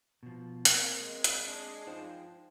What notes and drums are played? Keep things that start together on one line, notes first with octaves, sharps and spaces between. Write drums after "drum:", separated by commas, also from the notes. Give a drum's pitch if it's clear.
B2 F3
A#3 C4, drum: hi-hat
G#3
drum: hi-hat
D4
F3 D#4 C5 G5